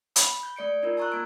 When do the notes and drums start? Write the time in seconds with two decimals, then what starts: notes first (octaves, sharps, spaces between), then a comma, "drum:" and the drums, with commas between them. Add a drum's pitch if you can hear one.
0.16 B5, drum: hi-hat
0.43 G6
0.56 A3 D5 C#7 D7
0.83 D#4 F4 A#4
0.97 A5 A#5 C#6 E6 F#6
1.12 A#3 D7